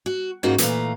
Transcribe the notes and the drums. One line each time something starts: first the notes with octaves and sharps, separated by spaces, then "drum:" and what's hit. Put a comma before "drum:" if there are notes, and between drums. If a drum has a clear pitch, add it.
F#4
G#2 C#3 A#3 D#4 F4 F#4
A#2 E3 A3 G#4 F5 A#5, drum: hi-hat